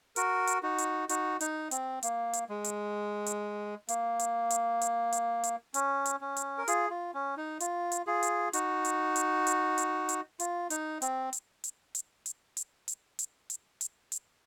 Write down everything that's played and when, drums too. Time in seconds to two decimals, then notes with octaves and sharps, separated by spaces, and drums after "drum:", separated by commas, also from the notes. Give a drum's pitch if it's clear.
0.16 F#4 A#4, drum: hi-hat
0.47 drum: hi-hat
0.63 D#4 F#4
0.78 drum: hi-hat
1.09 D#4 F#4, drum: hi-hat
1.40 D#4, drum: hi-hat
1.71 C4, drum: hi-hat
2.03 A#3, drum: hi-hat
2.33 drum: hi-hat
2.49 G#3
2.64 drum: hi-hat
3.26 drum: hi-hat
3.88 A#3, drum: hi-hat
4.19 drum: hi-hat
4.50 drum: hi-hat
4.81 drum: hi-hat
5.12 drum: hi-hat
5.43 drum: hi-hat
5.74 C#4, drum: hi-hat
6.05 drum: hi-hat
6.21 C#4
6.36 drum: hi-hat
6.58 A#4
6.68 F4 G#4, drum: hi-hat
6.90 F4
7.14 C#4
7.37 D#4
7.60 F4, drum: hi-hat
7.92 drum: hi-hat
8.07 F4 G#4
8.23 drum: hi-hat
8.53 D#4 F#4, drum: hi-hat
8.85 drum: hi-hat
9.16 drum: hi-hat
9.47 drum: hi-hat
9.78 drum: hi-hat
10.09 drum: hi-hat
10.40 F4, drum: hi-hat
10.70 D#4, drum: hi-hat
11.02 C4, drum: hi-hat
11.33 drum: hi-hat
11.64 drum: hi-hat
11.95 drum: hi-hat
12.26 drum: hi-hat
12.57 drum: hi-hat
12.88 drum: hi-hat
13.19 drum: hi-hat
13.50 drum: hi-hat
13.81 drum: hi-hat
14.12 drum: hi-hat